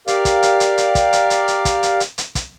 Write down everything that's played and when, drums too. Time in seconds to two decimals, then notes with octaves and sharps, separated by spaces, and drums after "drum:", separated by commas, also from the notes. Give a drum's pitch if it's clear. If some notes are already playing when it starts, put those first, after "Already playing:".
0.08 G4 A#4 D5 F5, drum: hi-hat
0.25 drum: kick, hi-hat
0.43 drum: hi-hat
0.60 drum: hi-hat
0.78 drum: hi-hat
0.95 drum: kick, hi-hat
1.13 drum: hi-hat
1.30 drum: hi-hat
1.48 drum: hi-hat
1.65 drum: kick, hi-hat
1.83 drum: hi-hat
2.00 drum: hi-hat
2.18 drum: hi-hat
2.35 drum: kick, hi-hat